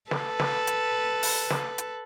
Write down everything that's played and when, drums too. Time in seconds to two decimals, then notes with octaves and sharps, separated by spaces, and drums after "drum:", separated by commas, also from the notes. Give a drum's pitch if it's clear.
0.11 A4 B4, drum: snare
0.40 drum: snare
0.67 drum: hi-hat
1.23 drum: open hi-hat
1.50 drum: snare
1.78 drum: hi-hat